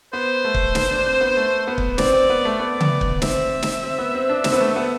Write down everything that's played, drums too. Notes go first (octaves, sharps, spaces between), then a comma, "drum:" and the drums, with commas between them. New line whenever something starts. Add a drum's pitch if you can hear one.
B3 C5
A3
drum: kick
B3, drum: snare
D4
C4
B3
A3
B3
drum: kick
C4 D5, drum: snare
C4
B3
A3
B3 D5
drum: tom C#3
drum: kick
C4 E5, drum: snare
drum: snare
C4
B3
C4
D4
C4, drum: snare
B3
A3
B3